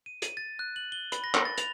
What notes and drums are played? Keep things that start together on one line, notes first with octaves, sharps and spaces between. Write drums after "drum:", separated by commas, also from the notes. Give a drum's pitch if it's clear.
D#7
D#7, drum: hi-hat
A6
F#6
F#7
G7
B5, drum: hi-hat
A#6
drum: clap
A6
F7, drum: hi-hat